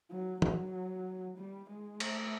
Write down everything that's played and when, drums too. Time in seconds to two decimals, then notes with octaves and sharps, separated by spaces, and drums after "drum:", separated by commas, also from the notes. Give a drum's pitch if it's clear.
0.11 F#3
0.42 F#3, drum: tom
1.38 G3
1.69 G#3
2.00 A3, drum: cymbal